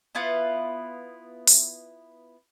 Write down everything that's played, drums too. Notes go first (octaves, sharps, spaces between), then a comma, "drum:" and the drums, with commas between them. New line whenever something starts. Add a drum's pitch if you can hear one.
B3 E4 F4 B4
drum: open hi-hat